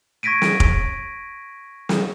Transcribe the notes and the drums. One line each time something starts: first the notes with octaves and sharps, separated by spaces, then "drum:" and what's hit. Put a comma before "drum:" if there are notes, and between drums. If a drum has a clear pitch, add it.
C#6 G#6 A#6 B6 D7 D#7
drum: snare
drum: kick F1
drum: snare